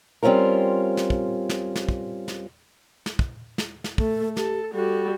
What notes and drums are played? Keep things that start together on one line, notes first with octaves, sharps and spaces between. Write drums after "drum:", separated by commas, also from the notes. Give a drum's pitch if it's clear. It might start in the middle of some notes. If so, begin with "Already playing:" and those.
G3 C4 C#4 F4 A#4
drum: snare
drum: kick
drum: snare
drum: snare
drum: kick
drum: snare
drum: snare
drum: kick
drum: snare
drum: snare
A3 A4, drum: kick
G4 A4, drum: snare
G3 F#4 A4